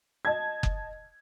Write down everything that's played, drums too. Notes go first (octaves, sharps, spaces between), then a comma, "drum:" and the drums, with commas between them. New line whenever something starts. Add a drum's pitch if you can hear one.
D#5 A5 G#6
drum: kick F#1